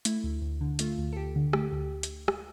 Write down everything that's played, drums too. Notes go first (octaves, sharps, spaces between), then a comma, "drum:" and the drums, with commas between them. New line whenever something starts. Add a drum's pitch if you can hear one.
A3 E4, drum: hi-hat
D2
D2
D3
A3 F4, drum: hi-hat
D2
A4
D2 G4
D3
A3 G4, drum: rim click
D2
drum: hi-hat
drum: rim click